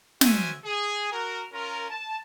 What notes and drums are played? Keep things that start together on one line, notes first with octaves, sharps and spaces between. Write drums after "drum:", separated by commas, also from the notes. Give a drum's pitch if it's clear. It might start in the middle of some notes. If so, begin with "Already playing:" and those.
C4 C#4 F#4 E5 G#5, drum: snare
G#4
F#4 A#4
C#4 F4 A#4
A5